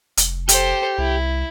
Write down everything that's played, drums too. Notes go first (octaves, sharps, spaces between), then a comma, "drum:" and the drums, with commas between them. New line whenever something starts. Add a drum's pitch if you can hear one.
F1, drum: hi-hat
G4 A4 C5, drum: hi-hat
C2 E4